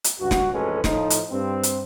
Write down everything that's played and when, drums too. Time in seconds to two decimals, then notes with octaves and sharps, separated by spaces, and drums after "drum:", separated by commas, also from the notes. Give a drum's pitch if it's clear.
0.04 drum: hi-hat
0.20 C#2 G2 F#4
0.31 drum: snare
0.53 A1 F2 G#3 C#4 A4 B4
0.84 A2 F3 D#4, drum: snare
1.10 drum: hi-hat
1.30 G2 C4
1.63 drum: hi-hat